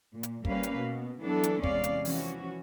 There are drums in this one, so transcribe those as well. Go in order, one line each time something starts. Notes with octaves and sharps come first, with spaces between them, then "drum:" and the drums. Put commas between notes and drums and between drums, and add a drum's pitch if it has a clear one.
A#2
drum: hi-hat
G3 A#3 C#4 B4 F5, drum: kick
drum: hi-hat
B2
E3 F#3 B3 D4 A4
drum: hi-hat
E2 C3 G#3 C#4 D5 F5, drum: kick
drum: hi-hat
E3 F3 C#4 F#4, drum: open hi-hat